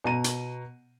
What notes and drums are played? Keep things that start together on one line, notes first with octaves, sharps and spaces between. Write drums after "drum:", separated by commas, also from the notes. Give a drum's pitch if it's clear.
B2 A#5 D#7
drum: hi-hat